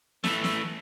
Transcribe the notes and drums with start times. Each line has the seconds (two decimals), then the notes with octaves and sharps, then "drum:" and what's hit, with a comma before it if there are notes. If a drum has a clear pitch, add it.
0.24 E3 A3, drum: snare
0.44 drum: snare